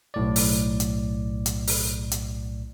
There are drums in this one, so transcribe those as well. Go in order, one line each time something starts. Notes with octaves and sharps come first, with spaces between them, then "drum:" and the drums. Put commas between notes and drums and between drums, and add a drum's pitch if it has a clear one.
B1 A2 D5
drum: open hi-hat
drum: hi-hat
drum: hi-hat
drum: open hi-hat
drum: hi-hat